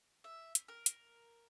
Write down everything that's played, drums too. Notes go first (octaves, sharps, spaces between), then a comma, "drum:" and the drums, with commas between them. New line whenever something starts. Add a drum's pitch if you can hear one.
E5
drum: hi-hat
A#4
drum: hi-hat